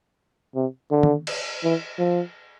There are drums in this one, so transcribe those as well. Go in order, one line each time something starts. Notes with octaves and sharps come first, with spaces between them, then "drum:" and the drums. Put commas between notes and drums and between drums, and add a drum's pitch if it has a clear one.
C3
D3
drum: tom D#3
drum: cymbal
E3
F3